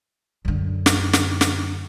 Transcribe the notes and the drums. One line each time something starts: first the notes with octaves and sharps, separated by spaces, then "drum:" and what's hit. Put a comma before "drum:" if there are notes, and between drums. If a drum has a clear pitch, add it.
F#2 D3
drum: snare
drum: snare
drum: snare